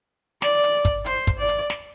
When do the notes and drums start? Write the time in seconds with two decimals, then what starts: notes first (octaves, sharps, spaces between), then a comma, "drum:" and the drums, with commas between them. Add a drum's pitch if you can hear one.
0.42 D5, drum: snare
0.64 drum: hi-hat
0.85 drum: kick, hi-hat
1.06 C5, drum: hi-hat
1.27 drum: kick, hi-hat
1.38 D5
1.49 drum: hi-hat
1.70 drum: snare